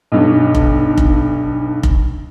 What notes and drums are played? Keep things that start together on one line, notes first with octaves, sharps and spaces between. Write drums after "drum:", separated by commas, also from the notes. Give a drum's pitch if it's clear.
B1 G2
drum: kick F1
drum: kick F1
drum: kick F1